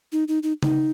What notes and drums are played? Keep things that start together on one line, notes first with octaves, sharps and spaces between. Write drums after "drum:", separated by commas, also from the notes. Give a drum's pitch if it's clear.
D#4
D#4
D#4
D#4, drum: tom C#3